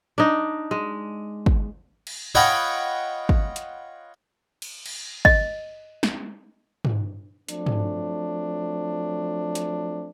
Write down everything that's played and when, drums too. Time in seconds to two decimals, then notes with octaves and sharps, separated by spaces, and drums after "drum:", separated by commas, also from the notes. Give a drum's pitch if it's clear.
0.18 D4 D#4
0.71 G#3
1.46 drum: kick
2.07 drum: cymbal
2.35 F4 C#5 D#5 F#5 G5 B5
3.29 drum: kick
3.56 drum: hi-hat
4.62 drum: cymbal
4.86 drum: cymbal
5.25 D#5, drum: kick
6.03 drum: snare
6.85 drum: tom
7.49 F3 F#3 A3 C4 D4, drum: hi-hat
7.66 drum: tom
9.55 drum: hi-hat